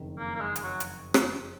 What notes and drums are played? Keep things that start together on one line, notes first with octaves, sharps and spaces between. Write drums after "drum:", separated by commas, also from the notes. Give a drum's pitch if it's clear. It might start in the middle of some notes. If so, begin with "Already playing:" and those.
Already playing: F#1 F2 D#3
A#3
A#3
G#3
G#3, drum: hi-hat
F#3
drum: hi-hat
drum: rim click